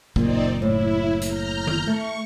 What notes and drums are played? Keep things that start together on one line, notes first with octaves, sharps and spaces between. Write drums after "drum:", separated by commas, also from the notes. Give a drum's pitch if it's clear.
F#1 A#2 C4 D#4 D5, drum: kick
A2 E4
A#5 F6 G6, drum: hi-hat
drum: tom D#3
A3 C#6